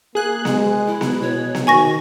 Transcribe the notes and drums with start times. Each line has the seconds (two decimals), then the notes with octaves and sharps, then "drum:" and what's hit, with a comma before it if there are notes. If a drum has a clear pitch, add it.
0.15 A#3 G#4 F#6
0.45 G#3, drum: snare B3
0.87 E4
1.01 drum: snare B3
1.22 B2 C#5
1.55 drum: snare B3
1.67 D#3 F#4 G#5 C#6 A#6